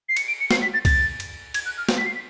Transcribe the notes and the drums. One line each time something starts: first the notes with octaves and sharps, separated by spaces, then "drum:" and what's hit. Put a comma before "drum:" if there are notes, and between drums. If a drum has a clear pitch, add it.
C7
C#7, drum: cymbal
D7
C#7
C7, drum: snare
B6
A6
A6, drum: kick C2, cymbal
drum: cymbal
G#6, drum: cymbal
F#6
F6
drum: snare
B6
C7
B6